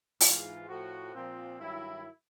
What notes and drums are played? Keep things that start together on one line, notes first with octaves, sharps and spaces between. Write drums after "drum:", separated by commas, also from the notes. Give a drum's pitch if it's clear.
G#2 E3 F4, drum: open hi-hat
A2 F3 F#4
A#2 F3 C4
G2 D#3 F#3 E4